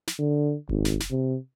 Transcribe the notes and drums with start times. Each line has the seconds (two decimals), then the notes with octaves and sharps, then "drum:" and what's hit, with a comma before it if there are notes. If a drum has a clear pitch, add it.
0.07 drum: snare
0.19 D3
0.69 G#1, drum: kick F1
0.85 drum: snare
1.00 drum: snare
1.11 C3